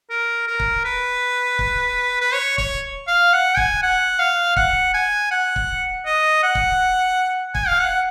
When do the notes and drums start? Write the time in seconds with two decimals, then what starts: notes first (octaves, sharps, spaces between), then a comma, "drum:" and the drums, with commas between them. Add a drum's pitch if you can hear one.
0.10 A#4
0.47 A#4
0.60 drum: kick
0.84 B4
1.59 drum: kick
2.21 B4
2.33 C#5
2.58 C#5, drum: kick
3.07 F5
3.33 F#5
3.57 G#5, drum: kick
3.83 F#5
4.19 F5
4.56 F#5, drum: kick
4.94 G#5
5.31 F#5
5.56 drum: kick
6.06 D#5
6.43 F#5
6.55 drum: kick
7.55 G#5, drum: kick
7.67 F5
7.79 F#5